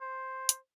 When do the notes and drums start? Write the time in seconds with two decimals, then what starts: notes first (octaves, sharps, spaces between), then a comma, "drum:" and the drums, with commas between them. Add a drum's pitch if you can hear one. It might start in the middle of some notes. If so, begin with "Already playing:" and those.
0.01 C5
0.49 drum: hi-hat